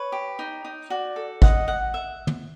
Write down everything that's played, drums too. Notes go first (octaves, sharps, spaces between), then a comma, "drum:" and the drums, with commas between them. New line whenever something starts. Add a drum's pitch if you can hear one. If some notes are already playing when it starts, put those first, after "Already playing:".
Already playing: B4 C#5
G4
D#4
D#4
F#4 D5
A4
D#5 F#5, drum: kick G#1
F#5
E5
drum: tom